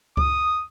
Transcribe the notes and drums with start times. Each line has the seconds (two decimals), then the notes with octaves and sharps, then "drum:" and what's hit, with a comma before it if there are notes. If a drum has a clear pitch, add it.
0.17 D#6, drum: kick C#2